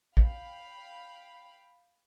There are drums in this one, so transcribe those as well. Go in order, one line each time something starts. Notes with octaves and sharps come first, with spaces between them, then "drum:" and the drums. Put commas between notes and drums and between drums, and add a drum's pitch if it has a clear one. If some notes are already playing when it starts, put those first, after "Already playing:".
F5 G5 B5, drum: kick